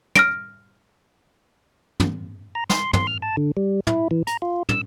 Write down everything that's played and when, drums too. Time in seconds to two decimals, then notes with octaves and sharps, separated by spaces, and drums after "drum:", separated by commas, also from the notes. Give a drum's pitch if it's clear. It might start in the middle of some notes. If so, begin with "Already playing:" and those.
0.16 F6 A#6 D7, drum: tom
2.00 drum: tom
2.55 A#5
2.70 C6, drum: snare
2.93 C6, drum: tom
3.07 F6
3.22 A5
3.37 D3
3.57 G3
3.87 E4, drum: tom
4.11 E3
4.27 A#5, drum: hi-hat
4.42 F4
4.69 E6, drum: tom